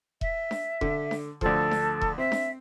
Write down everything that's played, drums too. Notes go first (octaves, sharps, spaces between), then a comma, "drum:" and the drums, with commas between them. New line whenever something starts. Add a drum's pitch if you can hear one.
E5, drum: kick E1
drum: snare D4
D3, drum: kick E1
drum: snare D4
D2 F3 A4, drum: kick E1
drum: snare D4
drum: kick E1
C4 E5
drum: snare D4